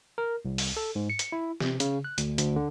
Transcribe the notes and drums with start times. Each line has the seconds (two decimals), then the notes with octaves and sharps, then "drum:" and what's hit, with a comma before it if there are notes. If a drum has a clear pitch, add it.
0.18 A#4
0.45 C2
0.58 drum: open hi-hat
0.77 A4
0.95 G#2
1.10 C#7
1.19 drum: hi-hat
1.32 E4
1.60 C3, drum: snare
1.80 C#3, drum: hi-hat
2.04 F#6
2.18 D2, drum: hi-hat
2.38 D2, drum: hi-hat
2.56 D3